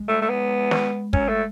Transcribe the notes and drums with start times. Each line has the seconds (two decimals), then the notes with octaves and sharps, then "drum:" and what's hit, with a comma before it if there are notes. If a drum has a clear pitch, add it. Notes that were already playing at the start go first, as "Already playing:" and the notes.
Already playing: G#3
0.08 A3
0.21 A3
0.29 B3
0.71 drum: snare
1.13 C#4, drum: kick
1.29 A3